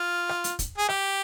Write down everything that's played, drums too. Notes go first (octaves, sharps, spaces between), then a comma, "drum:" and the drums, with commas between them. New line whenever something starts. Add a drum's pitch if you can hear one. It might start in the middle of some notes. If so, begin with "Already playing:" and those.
Already playing: F4
drum: rim click
drum: hi-hat
drum: kick, hi-hat
G#4
G4, drum: rim click